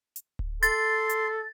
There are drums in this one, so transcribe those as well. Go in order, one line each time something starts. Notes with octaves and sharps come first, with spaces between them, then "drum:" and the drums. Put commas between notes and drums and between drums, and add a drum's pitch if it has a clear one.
drum: hi-hat
drum: kick D1
A4 C6 A6, drum: hi-hat
drum: hi-hat